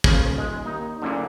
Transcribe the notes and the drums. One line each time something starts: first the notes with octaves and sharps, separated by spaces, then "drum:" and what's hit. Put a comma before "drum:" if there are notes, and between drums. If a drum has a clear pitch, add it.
D#1 C#3 F3, drum: kick
G#3
D#2 D#4
F#1 D2 A#2 D3